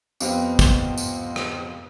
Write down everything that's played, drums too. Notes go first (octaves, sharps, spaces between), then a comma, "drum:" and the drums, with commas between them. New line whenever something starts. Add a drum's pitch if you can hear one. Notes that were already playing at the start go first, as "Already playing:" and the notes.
F2 B3 C4 G4 F5, drum: tambourine
drum: kick, tambourine
drum: tambourine
drum: rim click